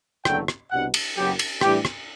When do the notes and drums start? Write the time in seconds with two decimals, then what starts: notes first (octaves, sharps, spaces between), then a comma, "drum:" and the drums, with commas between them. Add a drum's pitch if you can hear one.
0.25 F#1 E2 D3 F#3 A3 G5, drum: rim click
0.48 drum: rim click
0.71 C2 B2 G3 D4 F#5
0.94 drum: cymbal
1.16 F#1 F#2 F#3 B3 G4
1.39 drum: cymbal
1.61 A2 E3 G3 D4 G4, drum: rim click
1.85 drum: rim click